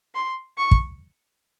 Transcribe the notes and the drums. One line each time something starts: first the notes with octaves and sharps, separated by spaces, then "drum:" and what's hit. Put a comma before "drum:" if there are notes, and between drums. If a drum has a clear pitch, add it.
C6
C#6
drum: kick